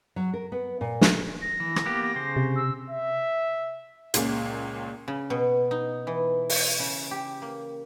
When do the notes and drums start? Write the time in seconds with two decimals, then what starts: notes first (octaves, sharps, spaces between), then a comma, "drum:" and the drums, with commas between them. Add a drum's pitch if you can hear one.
0.16 F#3
0.34 A#4
0.52 B3
0.81 A#2
1.01 drum: snare
1.42 A#6
1.60 E3
1.76 drum: rim click
1.86 A#3 B3 G4
2.15 C#3 C5
2.36 C3
2.56 E6
2.90 E5
4.14 C#2 A#2 A#3 C#4, drum: hi-hat
5.08 C#3
5.30 B2
5.71 D#4
6.07 E3
6.50 drum: open hi-hat
6.79 C#3
7.11 G4
7.42 A#3